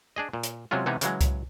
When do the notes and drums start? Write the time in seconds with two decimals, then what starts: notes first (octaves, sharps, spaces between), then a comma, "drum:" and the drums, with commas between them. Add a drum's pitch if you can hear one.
0.16 D4 G#4 D#5
0.33 A#2
0.43 drum: hi-hat
0.71 C3 F#3 G#3 C#4 F4
0.86 C3 E3 G#3 B3 D#4
1.01 C#3 E3 F#3 G#3, drum: hi-hat
1.21 drum: kick C2, hi-hat